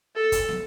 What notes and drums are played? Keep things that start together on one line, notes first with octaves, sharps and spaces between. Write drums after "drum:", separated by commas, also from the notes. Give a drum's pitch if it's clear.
A4
drum: kick, hi-hat
drum: snare